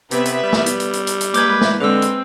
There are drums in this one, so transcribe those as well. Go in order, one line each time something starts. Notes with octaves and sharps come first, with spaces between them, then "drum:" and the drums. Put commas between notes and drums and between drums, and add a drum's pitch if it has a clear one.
C3 B3 B4 E5, drum: hi-hat
drum: hi-hat
G3
drum: snare
drum: hi-hat
drum: hi-hat
drum: hi-hat
drum: hi-hat
drum: hi-hat
G#3 A#3 B4 D6 G6 G#6, drum: hi-hat
drum: snare
D3 G#3 C4 B4 E6
drum: hi-hat